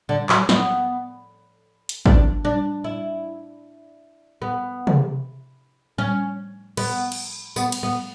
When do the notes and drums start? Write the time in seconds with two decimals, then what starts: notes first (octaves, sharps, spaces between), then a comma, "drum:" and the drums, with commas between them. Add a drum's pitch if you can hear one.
0.09 D3
0.29 F#3, drum: clap
0.49 B3, drum: snare
1.89 drum: hi-hat
2.06 D4, drum: kick
2.45 D4
2.84 E4
4.42 B3
4.87 drum: tom C3
5.98 C#4
6.77 B3, drum: cymbal
7.12 drum: cymbal
7.56 B3, drum: tambourine
7.72 drum: cymbal
7.83 B3